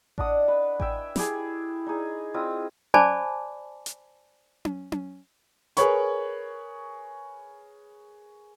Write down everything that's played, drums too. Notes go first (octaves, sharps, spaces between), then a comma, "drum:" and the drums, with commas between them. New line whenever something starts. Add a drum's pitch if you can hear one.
D4 D#5 F#5 D#6, drum: kick A1
B4
E5 G5 G#5, drum: kick A1
E4 G4 G#4, drum: snare
D#4 G#4
C4 E4 F4 D#5
C5 D5 G#5 A5 B5 D6, drum: tom C#4
drum: hi-hat
drum: tom C#4
drum: tom C#4
G#4 A#4 B4 C#5 B5 C#6, drum: hi-hat